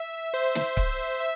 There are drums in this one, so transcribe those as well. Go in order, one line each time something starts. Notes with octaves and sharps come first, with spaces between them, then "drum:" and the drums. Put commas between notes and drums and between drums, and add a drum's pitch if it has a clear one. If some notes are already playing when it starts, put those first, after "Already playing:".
Already playing: E5
C5
drum: snare
drum: kick C#1
E5